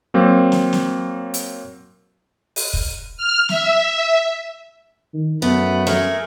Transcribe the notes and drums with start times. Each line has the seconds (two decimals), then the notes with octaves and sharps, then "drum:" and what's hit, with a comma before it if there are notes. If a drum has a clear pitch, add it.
0.14 F#3 A#3 C4
0.52 drum: snare
0.73 drum: snare
1.34 drum: hi-hat
2.56 drum: open hi-hat
2.73 drum: kick
3.17 F6
3.49 E5, drum: snare
5.14 D#3
5.42 F#2 A3 B3 B5
5.87 A3 G#4 A#4, drum: snare